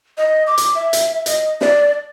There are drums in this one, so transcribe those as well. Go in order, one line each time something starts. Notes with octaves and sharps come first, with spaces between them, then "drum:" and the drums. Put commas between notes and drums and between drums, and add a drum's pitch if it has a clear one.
D#5
D6
drum: hi-hat
E5
drum: hi-hat
D#5, drum: hi-hat
D5, drum: snare